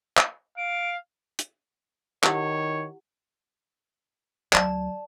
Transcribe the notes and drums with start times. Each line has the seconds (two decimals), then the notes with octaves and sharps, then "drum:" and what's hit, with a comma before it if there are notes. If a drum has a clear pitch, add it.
0.17 drum: clap
0.57 F5 D7
1.39 drum: hi-hat
2.24 D#3 E4 G4 C#5 F#5, drum: clap
4.53 D2 F#3 D5 A5, drum: clap